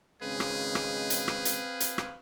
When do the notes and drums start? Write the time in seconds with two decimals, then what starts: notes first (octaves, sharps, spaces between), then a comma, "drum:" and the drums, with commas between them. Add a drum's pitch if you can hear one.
0.22 G#1 C#3 G#3 C4 G#4 B4 F5
0.40 drum: rim click
0.75 drum: rim click
1.10 drum: hi-hat
1.28 drum: rim click
1.45 drum: hi-hat
1.80 drum: hi-hat
1.98 drum: rim click